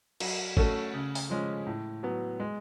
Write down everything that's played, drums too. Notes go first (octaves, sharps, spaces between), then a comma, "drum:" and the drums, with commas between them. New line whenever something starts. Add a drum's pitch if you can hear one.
F#3, drum: cymbal
A3 C#4 F#4 A4, drum: kick G#1
C#3
drum: open hi-hat
F3 G#3 C#4
A2
F#3 B3
G#3